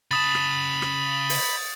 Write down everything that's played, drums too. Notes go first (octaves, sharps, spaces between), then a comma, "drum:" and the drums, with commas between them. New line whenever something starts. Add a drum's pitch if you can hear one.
C#3 A5 B5 D#6 A6
drum: rim click
drum: rim click
drum: open hi-hat